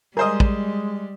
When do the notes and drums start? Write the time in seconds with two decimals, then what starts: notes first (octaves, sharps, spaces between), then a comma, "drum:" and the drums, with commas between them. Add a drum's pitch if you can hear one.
0.17 G3 G#3 G#4 A#4 C5 D#5
0.40 drum: kick